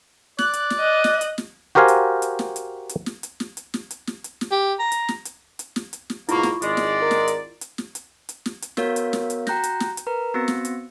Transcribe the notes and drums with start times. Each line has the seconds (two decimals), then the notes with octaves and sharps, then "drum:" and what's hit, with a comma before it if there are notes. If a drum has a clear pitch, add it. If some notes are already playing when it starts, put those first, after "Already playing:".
0.39 D5 F#6, drum: snare
0.53 drum: hi-hat
0.70 drum: snare
0.80 D#5
1.04 drum: snare
1.21 drum: hi-hat
1.38 drum: snare
1.75 F#4 G4 A#4 C5 F5 G#5
1.88 drum: hi-hat
2.22 drum: hi-hat
2.39 drum: snare
2.56 drum: hi-hat
2.89 drum: hi-hat
3.06 drum: snare
3.23 drum: hi-hat
3.40 drum: snare
3.57 drum: hi-hat
3.74 drum: snare
3.91 drum: hi-hat
4.07 drum: snare
4.24 drum: hi-hat
4.41 drum: snare
4.52 G4
4.79 A#5
4.92 drum: hi-hat
5.08 drum: snare
5.25 drum: hi-hat
5.59 drum: hi-hat
5.76 drum: snare
5.93 drum: hi-hat
6.10 drum: snare
6.29 G#2 B2 A#3 E4 F4 C#6, drum: hi-hat
6.43 drum: snare
6.62 G#1 G#3 D5, drum: hi-hat
6.77 drum: snare
7.02 A#4
7.11 drum: snare
7.28 drum: hi-hat
7.61 drum: hi-hat
7.78 drum: snare
7.95 drum: hi-hat
8.29 drum: hi-hat
8.46 drum: snare
8.62 drum: hi-hat
8.77 B3 F#4 A#4 C#5 F5, drum: snare
8.96 drum: hi-hat
9.13 drum: snare
9.30 drum: hi-hat
9.47 F#4 G5 A#5 F#6 G6 A#6, drum: snare
9.64 drum: hi-hat
9.80 drum: snare
9.97 drum: hi-hat
10.07 A#4 B4 A#5
10.34 B3 C4 F#4 E6 A#6 C#7
10.48 drum: snare
10.65 drum: hi-hat